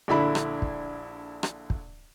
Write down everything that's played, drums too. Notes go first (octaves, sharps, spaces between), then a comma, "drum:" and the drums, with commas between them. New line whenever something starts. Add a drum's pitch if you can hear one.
A#1 D3 E4 B5
drum: rim click
drum: kick
drum: rim click
drum: kick